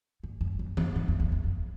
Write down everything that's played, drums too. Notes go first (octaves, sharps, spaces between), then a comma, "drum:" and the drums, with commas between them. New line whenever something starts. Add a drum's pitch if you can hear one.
G2
F#2
F2
F#2, drum: tom E3
G#2
F2
E2
E2
F2